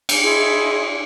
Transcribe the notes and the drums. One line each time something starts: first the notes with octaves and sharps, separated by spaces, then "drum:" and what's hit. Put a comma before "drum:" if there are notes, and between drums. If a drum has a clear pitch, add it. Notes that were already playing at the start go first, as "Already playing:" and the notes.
drum: cymbal
E4 G#4 D#5 C6